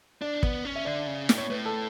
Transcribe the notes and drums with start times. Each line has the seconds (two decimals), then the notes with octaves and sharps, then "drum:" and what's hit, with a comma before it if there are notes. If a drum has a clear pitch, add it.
0.21 D4 D5
0.43 B3, drum: kick
0.65 C#4
0.76 E5
0.85 D3 D5
1.07 C#3
1.29 A2, drum: snare
1.38 C#5
1.50 A2 B4
1.66 A4